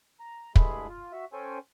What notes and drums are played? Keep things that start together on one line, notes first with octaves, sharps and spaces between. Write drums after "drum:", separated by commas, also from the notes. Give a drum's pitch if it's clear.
A#5
G2 G#3 A3 E4 G#4 B5, drum: kick
F4
F#4 E5
C#4 A4 C5 G5 G#5